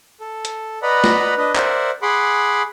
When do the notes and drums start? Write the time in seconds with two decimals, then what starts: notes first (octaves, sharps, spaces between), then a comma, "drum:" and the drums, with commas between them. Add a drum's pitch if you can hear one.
0.21 A4
0.45 drum: hi-hat
0.82 B4 D5 D#5 F#5 A#5 B5
1.04 drum: snare
1.37 D4 B4 D#5
1.56 A#4 C5 D5 E5 F#5, drum: clap
2.02 G#4 F#5 B5 C6 D6